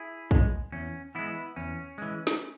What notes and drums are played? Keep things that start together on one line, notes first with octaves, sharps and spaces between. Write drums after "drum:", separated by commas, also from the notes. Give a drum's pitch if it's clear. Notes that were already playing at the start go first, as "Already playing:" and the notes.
Already playing: E4 G#4
G#3, drum: kick
E2 C#4
E3 G#3 B3 E4
E2 C#4
E3 G#3
drum: snare